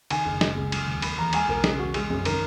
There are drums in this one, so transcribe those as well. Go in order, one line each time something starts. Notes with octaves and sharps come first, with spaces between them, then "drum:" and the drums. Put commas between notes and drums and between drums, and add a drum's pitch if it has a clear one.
D#3 G#5, drum: cymbal
F#1
G#3, drum: snare
C#2
F#3, drum: cymbal
D#2
A#3 B5, drum: cymbal
E2 A#5
G#3 G#5, drum: cymbal
B1 A#4
C#3 G#4, drum: snare
E1 F#4
G#3 G#4, drum: cymbal
F#2 G#4
D#3 A#4, drum: cymbal